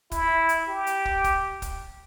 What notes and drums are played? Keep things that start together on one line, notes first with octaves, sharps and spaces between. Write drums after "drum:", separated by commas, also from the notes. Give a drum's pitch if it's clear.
E4, drum: kick, hi-hat
drum: hi-hat
G4
drum: hi-hat
drum: kick
drum: kick, hi-hat
drum: kick, hi-hat